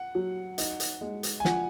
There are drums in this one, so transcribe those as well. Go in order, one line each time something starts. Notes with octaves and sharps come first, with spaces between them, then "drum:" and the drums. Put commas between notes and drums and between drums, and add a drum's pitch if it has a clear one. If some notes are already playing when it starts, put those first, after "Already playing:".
Already playing: F#5
F#3
D#4, drum: hi-hat
drum: hi-hat
G#3
drum: hi-hat
G#5
F3 F#5, drum: snare